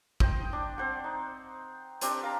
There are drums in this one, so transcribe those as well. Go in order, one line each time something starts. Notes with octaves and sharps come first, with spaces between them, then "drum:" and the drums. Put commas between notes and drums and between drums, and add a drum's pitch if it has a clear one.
C5 D#5 G5, drum: kick
D4
C4 C5 F#5
D#4
C4 D4 G4, drum: hi-hat
F5 A#5